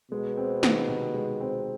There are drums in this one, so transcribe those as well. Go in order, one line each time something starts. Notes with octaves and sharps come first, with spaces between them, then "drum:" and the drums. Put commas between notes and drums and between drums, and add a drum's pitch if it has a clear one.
B2 G#3
C4
D#3, drum: snare
C3
G#3
C4